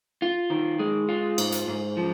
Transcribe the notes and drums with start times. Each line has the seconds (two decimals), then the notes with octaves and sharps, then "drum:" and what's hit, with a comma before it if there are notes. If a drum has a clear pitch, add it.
0.22 F4
0.50 D#3
0.79 G#3
1.09 F4
1.38 G#2, drum: cymbal
1.52 drum: hi-hat
1.67 G#2
1.97 F3